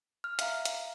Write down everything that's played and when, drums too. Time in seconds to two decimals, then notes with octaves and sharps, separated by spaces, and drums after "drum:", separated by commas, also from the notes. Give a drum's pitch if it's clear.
0.24 F6
0.39 E5 F5 A#5, drum: hi-hat
0.65 drum: hi-hat